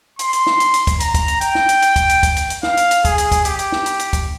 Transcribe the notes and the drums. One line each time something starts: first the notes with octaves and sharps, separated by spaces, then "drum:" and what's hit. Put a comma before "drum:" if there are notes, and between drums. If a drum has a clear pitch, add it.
C6, drum: hi-hat
drum: hi-hat
drum: snare
drum: hi-hat
drum: hi-hat
drum: kick, hi-hat
A#5, drum: hi-hat
drum: kick, hi-hat
drum: hi-hat
G5, drum: hi-hat
drum: snare
drum: hi-hat
drum: hi-hat
drum: kick, hi-hat
drum: hi-hat
drum: kick, hi-hat
drum: hi-hat
drum: hi-hat
F5, drum: snare
drum: hi-hat
drum: hi-hat
G#4, drum: kick, hi-hat
drum: hi-hat
drum: kick, hi-hat
G4, drum: hi-hat
drum: hi-hat
drum: snare
drum: hi-hat
drum: hi-hat
drum: kick, hi-hat